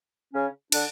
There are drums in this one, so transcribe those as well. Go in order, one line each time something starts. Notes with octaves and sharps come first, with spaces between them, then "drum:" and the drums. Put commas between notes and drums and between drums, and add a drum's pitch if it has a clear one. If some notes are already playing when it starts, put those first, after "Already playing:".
C#3 C#4
D3 D4, drum: cymbal